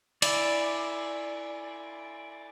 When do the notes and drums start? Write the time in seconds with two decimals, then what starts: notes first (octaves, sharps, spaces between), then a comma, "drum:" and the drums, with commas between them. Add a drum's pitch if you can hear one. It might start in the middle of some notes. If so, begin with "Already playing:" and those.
0.22 E4 D5, drum: cymbal